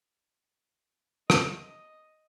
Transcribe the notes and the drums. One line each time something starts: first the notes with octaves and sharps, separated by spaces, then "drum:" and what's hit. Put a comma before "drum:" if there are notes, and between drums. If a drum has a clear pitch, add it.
D#5, drum: rim click